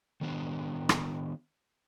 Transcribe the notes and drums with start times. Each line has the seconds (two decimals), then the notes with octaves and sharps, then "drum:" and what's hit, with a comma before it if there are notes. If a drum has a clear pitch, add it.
0.21 D#3 B3 D4 C5
0.89 drum: rim click